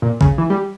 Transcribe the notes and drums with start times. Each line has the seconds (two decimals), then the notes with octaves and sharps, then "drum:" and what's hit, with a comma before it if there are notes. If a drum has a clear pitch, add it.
0.02 A#2
0.21 C#3, drum: kick
0.38 E3
0.50 G3